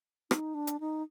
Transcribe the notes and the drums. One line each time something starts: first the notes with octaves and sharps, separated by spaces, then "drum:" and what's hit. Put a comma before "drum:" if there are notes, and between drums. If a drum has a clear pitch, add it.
D#4, drum: rim click
D4
drum: hi-hat
D#4